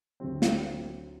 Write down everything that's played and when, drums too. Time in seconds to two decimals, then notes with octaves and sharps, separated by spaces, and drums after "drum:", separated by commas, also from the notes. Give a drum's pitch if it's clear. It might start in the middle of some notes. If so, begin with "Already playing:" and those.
0.20 D2 D3 F#3 C4
0.42 drum: snare